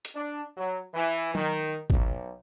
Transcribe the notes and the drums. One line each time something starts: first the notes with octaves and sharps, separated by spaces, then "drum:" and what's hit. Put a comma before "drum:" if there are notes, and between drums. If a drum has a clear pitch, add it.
drum: hi-hat
D4
F#3
E3
D#3, drum: tom F#3
B1, drum: kick G#1